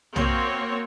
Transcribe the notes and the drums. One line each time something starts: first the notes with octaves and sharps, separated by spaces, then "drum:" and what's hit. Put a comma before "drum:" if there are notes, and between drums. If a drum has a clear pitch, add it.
A#3 C4 F#4 C#5, drum: tom